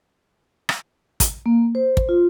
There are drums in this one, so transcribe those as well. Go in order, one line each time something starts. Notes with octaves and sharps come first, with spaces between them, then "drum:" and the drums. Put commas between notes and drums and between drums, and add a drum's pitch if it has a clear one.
drum: rim click
drum: kick, hi-hat
A#3
C5
drum: kick
F4